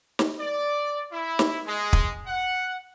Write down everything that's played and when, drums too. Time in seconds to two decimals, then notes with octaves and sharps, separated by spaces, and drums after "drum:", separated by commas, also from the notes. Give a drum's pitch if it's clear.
0.19 drum: snare
0.39 D5
1.11 E4
1.39 drum: snare
1.66 G#3
1.93 drum: kick
2.26 F#5